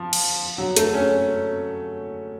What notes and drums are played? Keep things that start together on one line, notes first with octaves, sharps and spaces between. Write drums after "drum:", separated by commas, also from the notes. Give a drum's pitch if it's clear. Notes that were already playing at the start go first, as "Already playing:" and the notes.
Already playing: F3
drum: cymbal
F#3
A3, drum: hi-hat
C#4